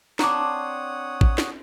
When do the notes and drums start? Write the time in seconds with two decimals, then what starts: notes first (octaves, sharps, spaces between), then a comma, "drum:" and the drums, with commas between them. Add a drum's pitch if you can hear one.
0.19 C4 D4 C#5 F#5 A#5 D6 D#6, drum: snare
1.21 drum: kick
1.38 drum: snare